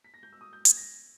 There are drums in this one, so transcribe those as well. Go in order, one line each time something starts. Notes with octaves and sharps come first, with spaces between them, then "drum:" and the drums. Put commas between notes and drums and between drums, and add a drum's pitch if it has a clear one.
B6
A#6
G6
E6
D#6
G6
G#6, drum: hi-hat
A#6